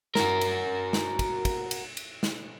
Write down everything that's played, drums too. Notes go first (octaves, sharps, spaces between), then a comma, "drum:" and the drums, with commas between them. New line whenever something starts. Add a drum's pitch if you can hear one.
F#4 A#4, drum: snare
drum: cymbal
drum: snare
drum: kick, cymbal
drum: kick, cymbal
drum: cymbal
drum: cymbal
drum: snare